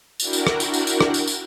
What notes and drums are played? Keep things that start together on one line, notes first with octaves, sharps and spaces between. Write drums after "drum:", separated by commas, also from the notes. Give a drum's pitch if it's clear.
D4 E4 F#4 A#4 F#5 G5, drum: tambourine
drum: tambourine
drum: rim click
drum: tambourine
drum: tambourine
drum: tambourine
drum: rim click
drum: tambourine
drum: tambourine